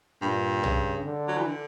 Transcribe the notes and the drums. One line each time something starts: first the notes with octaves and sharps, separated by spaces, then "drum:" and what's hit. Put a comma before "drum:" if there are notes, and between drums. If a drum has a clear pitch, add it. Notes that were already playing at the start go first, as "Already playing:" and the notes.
G2 A#2
C#3, drum: tom B1
D3
F#3
E3
D3